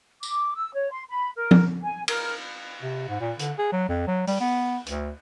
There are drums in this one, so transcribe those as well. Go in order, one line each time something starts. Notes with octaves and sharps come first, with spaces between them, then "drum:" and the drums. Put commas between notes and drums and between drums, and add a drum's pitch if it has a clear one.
D6, drum: tambourine
E6
C#5
C6
B5
A#4
drum: tom
G#5
A#4, drum: cymbal
C3
G#2
A#2
D3, drum: hi-hat
G#4
F#3
F2
F#3
G3, drum: open hi-hat
B3
D2, drum: hi-hat